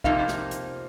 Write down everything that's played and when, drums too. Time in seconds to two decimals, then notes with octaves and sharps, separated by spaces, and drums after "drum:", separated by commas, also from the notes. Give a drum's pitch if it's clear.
0.04 F2 C3 F3 A#3 D#4 F5, drum: kick
0.28 drum: snare
0.51 drum: hi-hat